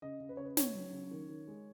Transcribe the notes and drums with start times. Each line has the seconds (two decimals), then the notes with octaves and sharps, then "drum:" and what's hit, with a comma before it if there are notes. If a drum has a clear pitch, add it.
0.02 C#3 D#5
0.20 C#3
0.29 B4
0.37 C#3 C#5
0.45 B4
0.57 C#3 C#5, drum: snare
0.75 F#3
0.93 C#3
1.11 D#3
1.29 D#3
1.48 G#3